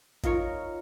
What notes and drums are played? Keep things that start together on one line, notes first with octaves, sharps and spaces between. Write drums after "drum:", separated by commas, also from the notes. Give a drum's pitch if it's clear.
D#4 F4 A#4 C#5, drum: kick G#1, hi-hat